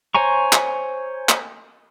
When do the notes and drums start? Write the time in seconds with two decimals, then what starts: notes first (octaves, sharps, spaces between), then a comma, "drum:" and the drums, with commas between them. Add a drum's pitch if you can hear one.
0.15 C5 C#5 G#5 A#5 C#6
0.53 drum: clap
1.29 drum: clap